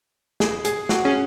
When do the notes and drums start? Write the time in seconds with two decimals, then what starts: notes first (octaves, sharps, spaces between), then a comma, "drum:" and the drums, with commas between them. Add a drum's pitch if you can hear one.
0.40 G#4, drum: snare
0.65 G#4, drum: hi-hat
0.89 F#4, drum: snare
1.05 C#4 G#4